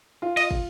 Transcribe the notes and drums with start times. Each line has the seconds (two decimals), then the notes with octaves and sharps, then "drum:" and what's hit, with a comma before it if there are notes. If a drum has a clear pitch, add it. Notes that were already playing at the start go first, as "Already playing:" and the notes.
0.22 F4
0.37 D#5, drum: cymbal
0.51 drum: kick